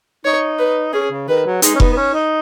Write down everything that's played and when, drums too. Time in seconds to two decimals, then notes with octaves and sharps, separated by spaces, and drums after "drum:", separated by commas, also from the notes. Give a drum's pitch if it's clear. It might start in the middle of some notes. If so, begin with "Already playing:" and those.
0.25 D#4 C#5
0.59 B4
0.93 C#4 G#4
1.11 C#3
1.28 D#3 B4
1.46 F#3
1.62 G#3 D#4, drum: hi-hat
1.75 C#4
1.80 B3, drum: kick F1
1.93 B3
1.97 C#4
2.14 D#4